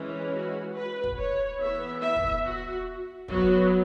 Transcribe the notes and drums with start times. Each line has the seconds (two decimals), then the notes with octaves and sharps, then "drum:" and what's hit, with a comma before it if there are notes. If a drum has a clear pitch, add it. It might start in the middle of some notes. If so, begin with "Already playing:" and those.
Already playing: E3 G#3 C#4
0.34 F#4
0.75 B4
1.04 drum: kick
1.17 C#5
1.60 E3 B3 E5
2.02 E5
2.16 drum: kick
2.44 F#4
3.28 F#3 B3 F#4, drum: kick